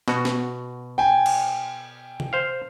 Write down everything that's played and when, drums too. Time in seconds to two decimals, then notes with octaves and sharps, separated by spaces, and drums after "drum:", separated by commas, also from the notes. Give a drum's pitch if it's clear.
0.08 B2 F#4, drum: snare
0.25 drum: snare
0.98 G5 G#5
1.26 drum: cymbal
2.20 drum: tom C3
2.33 C5 F5